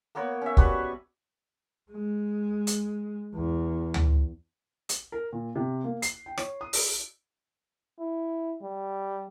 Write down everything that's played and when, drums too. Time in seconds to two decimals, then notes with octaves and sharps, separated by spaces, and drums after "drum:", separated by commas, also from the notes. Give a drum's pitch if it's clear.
0.15 A#3 B3 A#4 C#5
0.42 C#4 E5
0.57 G3 F#4 B4 C#6, drum: kick
1.91 G#3
2.67 drum: hi-hat
3.35 E2
3.94 drum: tom D2
4.89 drum: hi-hat
5.12 A#4
5.33 A#2
5.55 C3
5.84 A#3
6.02 C7, drum: hi-hat
6.26 G5
6.38 C#5, drum: rim click
6.61 D#6
6.73 drum: open hi-hat
7.99 E4
8.62 G3